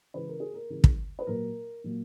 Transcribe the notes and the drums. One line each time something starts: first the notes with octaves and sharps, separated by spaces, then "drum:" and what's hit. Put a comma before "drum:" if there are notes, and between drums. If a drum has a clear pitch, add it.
C#3 E3 G#3 B4
A#4
G#4
A#4
C#3 E3 G#3
drum: kick
B4
A#2 F#3 A#3 A#4
A#2 F#3 A#3